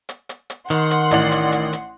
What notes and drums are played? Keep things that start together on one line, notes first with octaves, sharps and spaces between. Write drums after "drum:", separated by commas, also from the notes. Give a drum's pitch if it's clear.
drum: hi-hat
drum: hi-hat
drum: hi-hat
D#3 F#5 C6, drum: hi-hat
drum: hi-hat
A1 D5 F#7, drum: hi-hat
drum: hi-hat
drum: hi-hat
drum: hi-hat